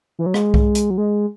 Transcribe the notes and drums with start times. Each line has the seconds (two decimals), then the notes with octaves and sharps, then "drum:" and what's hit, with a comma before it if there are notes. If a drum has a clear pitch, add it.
0.19 E3
0.26 F#3
0.34 G#3, drum: rim click
0.54 drum: kick C2
0.75 drum: hi-hat
0.90 F#3
0.98 G#3